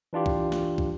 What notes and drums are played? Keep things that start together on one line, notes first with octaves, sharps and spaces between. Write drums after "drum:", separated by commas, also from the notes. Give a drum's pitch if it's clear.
E3 D4 F4 G4
drum: kick
drum: snare
drum: kick